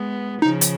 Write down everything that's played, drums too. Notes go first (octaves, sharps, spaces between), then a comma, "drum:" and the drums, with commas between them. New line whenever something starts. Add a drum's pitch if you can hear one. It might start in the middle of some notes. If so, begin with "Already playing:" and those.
Already playing: G#3 B3
C#3 F3 D#4
drum: hi-hat